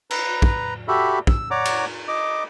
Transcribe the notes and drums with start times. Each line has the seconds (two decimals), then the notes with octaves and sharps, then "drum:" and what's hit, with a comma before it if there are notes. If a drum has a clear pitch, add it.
0.11 B4 A#5, drum: cymbal
0.42 drum: kick
0.88 F#4 G4 A4 E5 B5
1.27 E6, drum: kick
1.51 C#5 D5 F#5 A#5 D6
1.65 drum: cymbal
2.08 D#5 D6